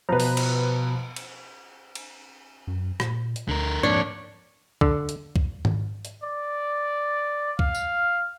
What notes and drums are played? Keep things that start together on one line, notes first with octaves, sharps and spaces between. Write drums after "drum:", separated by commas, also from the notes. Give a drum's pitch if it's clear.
B2 F3 B4 A#5
drum: open hi-hat
drum: cymbal
drum: cymbal
drum: cymbal
F#2
A#2, drum: rim click
drum: hi-hat
D2 D3 A#4
F2 G#2 A#3 D4 C#5
D3, drum: kick C2
drum: hi-hat
drum: kick C2
drum: tom G#2
drum: hi-hat
D5
F5, drum: kick C2
drum: tambourine